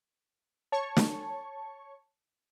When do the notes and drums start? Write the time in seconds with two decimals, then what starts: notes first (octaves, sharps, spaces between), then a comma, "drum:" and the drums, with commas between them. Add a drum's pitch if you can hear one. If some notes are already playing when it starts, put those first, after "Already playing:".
0.72 C#5 A5 C#6
0.97 drum: snare